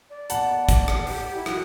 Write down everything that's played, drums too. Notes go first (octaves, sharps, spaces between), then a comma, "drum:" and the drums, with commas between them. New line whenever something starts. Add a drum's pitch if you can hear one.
D5
F#5 A5, drum: hi-hat
drum: kick, hi-hat
drum: rim click
G4, drum: open hi-hat
E4
F#4, drum: rim click